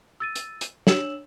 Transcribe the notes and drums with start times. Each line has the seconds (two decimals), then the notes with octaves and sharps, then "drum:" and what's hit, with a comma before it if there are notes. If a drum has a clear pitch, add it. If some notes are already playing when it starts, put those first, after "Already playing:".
0.20 E6 A6 D#7
0.35 drum: hi-hat
0.61 drum: hi-hat
0.87 D4 C#5 E6 E7 F#7, drum: snare